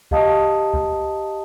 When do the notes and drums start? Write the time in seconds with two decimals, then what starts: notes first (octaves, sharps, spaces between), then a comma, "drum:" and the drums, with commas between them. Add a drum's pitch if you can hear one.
0.11 G4 D#5 F5 A5 A#5 D#6, drum: kick C2
0.73 drum: kick C2